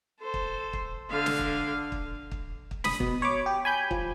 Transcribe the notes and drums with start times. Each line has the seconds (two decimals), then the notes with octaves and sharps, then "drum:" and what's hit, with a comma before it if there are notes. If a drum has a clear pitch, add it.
0.20 A4 C5
0.34 drum: kick
0.73 drum: kick
1.10 D3 F5
1.26 drum: snare
1.39 drum: kick
1.92 drum: kick
2.31 drum: kick
2.71 drum: kick
2.84 B5 D#6, drum: snare
3.00 B2, drum: kick
3.22 C#5 B5 D6
3.46 G4
3.65 G#5 B5 G6
3.91 F3, drum: kick